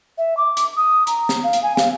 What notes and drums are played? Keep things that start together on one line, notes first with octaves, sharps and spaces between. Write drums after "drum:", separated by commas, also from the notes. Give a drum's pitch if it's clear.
E5
D6
drum: hi-hat
D#6
A#5, drum: hi-hat
drum: snare
F5
drum: hi-hat
G#5
F5, drum: snare